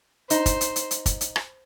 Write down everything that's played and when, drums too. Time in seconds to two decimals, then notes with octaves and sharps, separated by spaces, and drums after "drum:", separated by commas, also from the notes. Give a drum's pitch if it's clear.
0.30 D#4 C5, drum: hi-hat
0.46 drum: kick, hi-hat
0.61 drum: hi-hat
0.76 drum: hi-hat
0.91 drum: hi-hat
1.06 drum: kick, hi-hat
1.21 drum: hi-hat
1.36 drum: rim click